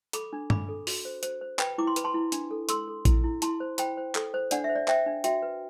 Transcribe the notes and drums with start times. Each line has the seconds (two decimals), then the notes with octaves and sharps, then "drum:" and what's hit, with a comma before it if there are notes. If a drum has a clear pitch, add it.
0.13 A4 B5 D6, drum: hi-hat
0.33 D4
0.50 D4 B5 D6, drum: tom G2
0.69 A4
0.87 F#4, drum: open hi-hat
1.05 C5
1.23 C5, drum: hi-hat
1.41 C5
1.59 B4 G5 B5, drum: clap
1.78 E4 D6
1.87 C6
1.96 B4 B5, drum: hi-hat
2.04 A5 C6
2.14 E4
2.32 D4, drum: hi-hat
2.51 A4
2.69 A4 C6 E6, drum: hi-hat
2.88 A4
3.05 E4, drum: kick A#1, hi-hat
3.24 E4
3.42 E4 A5 C6, drum: hi-hat
3.60 C5
3.78 C5 G5 B5, drum: hi-hat
3.97 C5
4.15 A4, drum: clap
4.34 C5
4.51 D4 D5 F#5, drum: hi-hat
4.64 E5
4.69 C5
4.75 D5
4.88 C5 E5 G5, drum: clap
5.06 D4
5.24 F#4 E5 G5, drum: hi-hat
5.42 B4